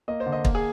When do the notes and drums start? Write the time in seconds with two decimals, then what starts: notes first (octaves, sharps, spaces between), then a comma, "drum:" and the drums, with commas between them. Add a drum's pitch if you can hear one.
0.08 A#3 D#5
0.20 C5
0.26 D3
0.32 D#5
0.45 A#3, drum: kick
0.55 G#4